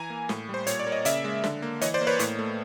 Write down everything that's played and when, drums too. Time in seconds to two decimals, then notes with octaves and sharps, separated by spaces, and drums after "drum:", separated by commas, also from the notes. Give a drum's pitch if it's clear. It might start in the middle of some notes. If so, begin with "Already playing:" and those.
Already playing: E3 G#5 A#5
0.10 A#3
0.29 A2, drum: snare
0.49 G3
0.54 C5
0.67 A#2 C#5, drum: hi-hat
0.80 D5
0.86 A#3
0.92 D#5
1.05 C#3 D5 E5, drum: hi-hat
1.25 G#3
1.44 D3, drum: snare
1.62 A#3
1.81 E3 C#5 D#5, drum: hi-hat
1.94 C5 D5
2.01 A#3
2.07 B4 C#5
2.19 A2, drum: hi-hat
2.39 A3